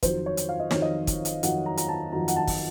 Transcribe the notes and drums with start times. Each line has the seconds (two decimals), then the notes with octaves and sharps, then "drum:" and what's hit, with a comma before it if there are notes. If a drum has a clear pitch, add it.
0.03 F2 D#3 F#3 C5, drum: kick, hi-hat
0.26 C#5
0.37 drum: hi-hat
0.49 F5
0.60 D#5
0.71 F2 D#3 F#3 C#5, drum: snare
0.82 D#5
1.07 drum: kick, hi-hat
1.25 drum: hi-hat
1.43 F2 D#3 F#3 F#5, drum: hi-hat
1.66 A#5
1.77 A#5, drum: hi-hat
1.88 A5
2.12 F2 D#3 F#3 A#5
2.28 F#5, drum: hi-hat
2.36 A5
2.47 drum: kick, open hi-hat